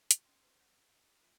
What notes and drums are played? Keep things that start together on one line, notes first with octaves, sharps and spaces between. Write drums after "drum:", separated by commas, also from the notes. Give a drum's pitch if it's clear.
drum: hi-hat
C#4 G5 C6
G#4 B4 C5
F#5 G6
F4 G#4 D6
F4 E5